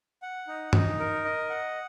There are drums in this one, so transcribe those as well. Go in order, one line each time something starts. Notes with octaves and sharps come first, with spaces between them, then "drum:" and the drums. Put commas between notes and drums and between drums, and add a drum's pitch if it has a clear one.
F#5
D#4
D#4, drum: tom G2
A#4
D#5
F#5